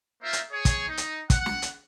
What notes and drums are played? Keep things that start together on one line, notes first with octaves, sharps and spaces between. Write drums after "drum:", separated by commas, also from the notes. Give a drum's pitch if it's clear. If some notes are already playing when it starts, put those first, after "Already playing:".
A#3 D#4 F4 A#4 C5 E5
drum: hi-hat
G#4 C#5
drum: kick, hi-hat
D#4
drum: hi-hat
F#5, drum: kick, hi-hat
drum: snare
drum: hi-hat